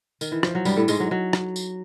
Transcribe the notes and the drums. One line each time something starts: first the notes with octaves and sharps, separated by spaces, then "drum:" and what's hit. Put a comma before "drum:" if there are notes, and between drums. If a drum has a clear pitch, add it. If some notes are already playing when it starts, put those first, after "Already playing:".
D#3, drum: tambourine
E3
F3, drum: rim click
F#3
G2 G3, drum: tambourine
A2 A3
G#2 G#3, drum: tambourine
F#3
F#3
drum: rim click
drum: tambourine